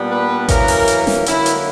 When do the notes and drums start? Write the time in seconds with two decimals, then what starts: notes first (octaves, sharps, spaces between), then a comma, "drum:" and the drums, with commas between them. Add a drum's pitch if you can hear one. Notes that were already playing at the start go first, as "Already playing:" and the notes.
Already playing: A#2 G3 B3 D4
0.10 B4
0.48 F#2 E3 A#3 C#4 A#4, drum: kick A1, hi-hat
0.68 drum: open hi-hat
0.88 drum: hi-hat
1.07 drum: snare
1.26 D3 F#3 A#3 C#4 E4, drum: hi-hat
1.46 drum: hi-hat